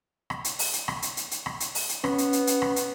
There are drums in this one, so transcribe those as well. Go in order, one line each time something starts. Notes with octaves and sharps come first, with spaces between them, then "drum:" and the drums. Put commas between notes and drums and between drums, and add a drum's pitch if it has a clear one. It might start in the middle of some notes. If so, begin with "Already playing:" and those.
drum: rim click
drum: hi-hat
drum: open hi-hat
drum: hi-hat
drum: rim click
drum: hi-hat
drum: hi-hat
drum: hi-hat
drum: rim click
drum: hi-hat
drum: open hi-hat
drum: hi-hat
B3 C#4, drum: rim click
drum: hi-hat
drum: hi-hat
drum: hi-hat
drum: rim click
drum: hi-hat